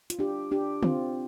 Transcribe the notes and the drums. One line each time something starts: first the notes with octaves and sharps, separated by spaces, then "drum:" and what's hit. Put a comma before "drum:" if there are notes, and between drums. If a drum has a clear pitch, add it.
F4, drum: hi-hat
D4 G4
D4 G4
C4 F4, drum: tom